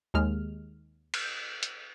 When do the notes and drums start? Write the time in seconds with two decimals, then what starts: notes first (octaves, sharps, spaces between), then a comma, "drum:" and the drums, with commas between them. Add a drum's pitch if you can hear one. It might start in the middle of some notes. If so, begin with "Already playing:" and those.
0.14 D#2 G#3 F6
1.14 drum: cymbal
1.63 drum: hi-hat